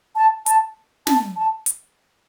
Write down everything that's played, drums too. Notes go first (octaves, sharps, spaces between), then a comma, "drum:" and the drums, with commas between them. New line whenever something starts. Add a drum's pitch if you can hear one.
A5
A5, drum: hi-hat
A5, drum: snare
A5
drum: hi-hat